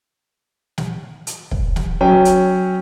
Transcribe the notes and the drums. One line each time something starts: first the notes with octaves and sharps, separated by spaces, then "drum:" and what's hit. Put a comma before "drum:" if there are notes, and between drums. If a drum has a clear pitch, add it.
drum: snare
drum: hi-hat
drum: kick
drum: snare
F#3 C#4 G5
drum: hi-hat